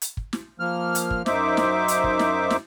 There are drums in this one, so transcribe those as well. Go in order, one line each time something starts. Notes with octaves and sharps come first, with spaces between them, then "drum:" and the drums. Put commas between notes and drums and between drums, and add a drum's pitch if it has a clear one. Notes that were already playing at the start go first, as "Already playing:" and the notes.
drum: hi-hat
drum: kick
drum: snare
F3 A#3 F6
drum: hi-hat
drum: kick
F#2 D#4 C5 E5 D6, drum: snare
drum: snare
drum: hi-hat
drum: kick
drum: snare
drum: snare